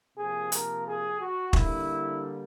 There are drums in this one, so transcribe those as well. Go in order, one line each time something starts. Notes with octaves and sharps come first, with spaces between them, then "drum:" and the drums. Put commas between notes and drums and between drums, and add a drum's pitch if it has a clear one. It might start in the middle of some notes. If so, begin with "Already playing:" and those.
C3 F3 A#3 G#4
A#4, drum: hi-hat
G#4
F#4
D3 G3 A#3 E4, drum: kick